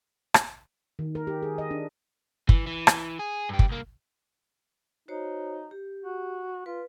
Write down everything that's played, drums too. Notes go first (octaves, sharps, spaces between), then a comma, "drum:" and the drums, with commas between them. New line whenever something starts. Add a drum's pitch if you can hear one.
drum: rim click
D#3
A#4
G4
G#4
D#5
D4
E3, drum: kick
E3
drum: rim click
G#4
G2 G4
drum: kick
C2 A#3
D#4 F#4 C5 C#5
G4
F#4
F4 B4